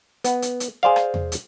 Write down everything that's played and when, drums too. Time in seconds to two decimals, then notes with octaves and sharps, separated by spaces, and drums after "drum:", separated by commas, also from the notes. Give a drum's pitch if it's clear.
0.24 B3, drum: hi-hat
0.42 drum: hi-hat
0.60 drum: hi-hat
0.83 G#4 C5 D5 F5
0.96 drum: rim click
1.14 drum: tom E2
1.32 drum: hi-hat